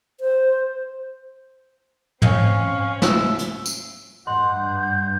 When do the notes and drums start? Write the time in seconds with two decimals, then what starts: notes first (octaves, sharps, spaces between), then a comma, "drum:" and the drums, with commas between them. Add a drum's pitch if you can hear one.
0.20 C5
2.22 C4 C#4 F5 C#6, drum: tom
3.02 E5 E6, drum: snare
3.39 drum: hi-hat
3.66 drum: tambourine
4.27 G2 D#5 F#5 C6 G6